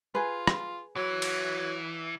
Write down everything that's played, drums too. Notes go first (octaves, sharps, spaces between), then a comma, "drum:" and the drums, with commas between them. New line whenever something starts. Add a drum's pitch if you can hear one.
F4 G#4 B4
drum: rim click
E3 F#3
drum: cymbal